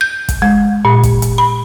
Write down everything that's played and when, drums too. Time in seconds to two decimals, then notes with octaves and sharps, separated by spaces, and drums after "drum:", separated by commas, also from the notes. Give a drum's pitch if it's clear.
0.01 G6
0.29 drum: kick, hi-hat
0.42 G#3
0.85 A#2
1.03 drum: kick, hi-hat
1.22 drum: hi-hat
1.38 B5